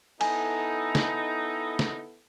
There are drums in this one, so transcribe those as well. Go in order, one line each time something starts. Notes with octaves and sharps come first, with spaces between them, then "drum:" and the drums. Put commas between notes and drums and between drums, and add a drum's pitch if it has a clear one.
B3 D#4 E4 A4 G#5, drum: cymbal
drum: snare
drum: snare